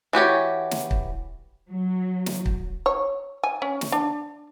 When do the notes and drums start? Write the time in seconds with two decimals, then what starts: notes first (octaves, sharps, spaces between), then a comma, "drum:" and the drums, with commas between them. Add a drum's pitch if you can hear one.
0.13 E3 F#4 G4 C#5
0.71 drum: snare
0.91 drum: kick
1.71 F#3
2.26 drum: snare
2.46 drum: kick
2.86 C#5
3.44 G#5
3.62 C#4
3.81 drum: snare
3.92 D4